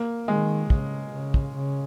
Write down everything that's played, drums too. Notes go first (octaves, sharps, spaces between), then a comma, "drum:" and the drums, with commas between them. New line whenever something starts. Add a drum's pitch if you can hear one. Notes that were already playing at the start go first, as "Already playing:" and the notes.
Already playing: A#3
D#3 G#3
C#3, drum: kick
C#3
drum: kick
C#3